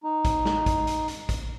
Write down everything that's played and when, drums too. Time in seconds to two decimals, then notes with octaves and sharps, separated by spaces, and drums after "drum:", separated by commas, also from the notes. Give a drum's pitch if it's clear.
0.04 D#4
0.25 drum: kick A#1, hi-hat
0.46 drum: snare
0.66 drum: kick A#1, hi-hat
0.87 drum: hi-hat
1.08 drum: hi-hat
1.29 drum: kick A#1, hi-hat